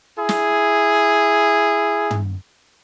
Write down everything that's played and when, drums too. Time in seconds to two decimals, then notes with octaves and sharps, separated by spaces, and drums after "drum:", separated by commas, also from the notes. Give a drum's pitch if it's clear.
0.18 E4 G#4
0.29 drum: snare
2.11 drum: tom